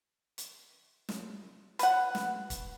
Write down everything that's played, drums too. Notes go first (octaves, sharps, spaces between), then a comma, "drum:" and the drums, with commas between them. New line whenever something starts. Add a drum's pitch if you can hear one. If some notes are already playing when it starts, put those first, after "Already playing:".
drum: hi-hat
drum: snare
B4 F#5, drum: hi-hat
drum: snare
drum: kick, hi-hat